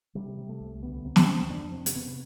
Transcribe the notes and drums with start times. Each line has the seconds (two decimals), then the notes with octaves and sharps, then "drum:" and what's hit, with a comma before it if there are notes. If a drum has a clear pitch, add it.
0.15 C3 G3
0.38 C3
0.49 A3
0.61 C2
0.83 D2 B3
1.05 C3
1.16 C4, drum: snare
1.27 D2
1.50 F2 D4
1.72 C3 C4
1.86 drum: hi-hat
1.95 C3 B3